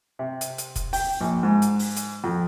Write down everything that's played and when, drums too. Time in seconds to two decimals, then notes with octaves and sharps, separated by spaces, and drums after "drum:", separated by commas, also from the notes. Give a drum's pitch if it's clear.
0.19 C3
0.41 drum: hi-hat
0.58 drum: hi-hat
0.76 drum: kick, hi-hat
0.93 G5, drum: open hi-hat
1.21 A#1
1.43 G#2
1.62 drum: hi-hat
1.79 drum: open hi-hat
1.97 drum: hi-hat
2.24 F2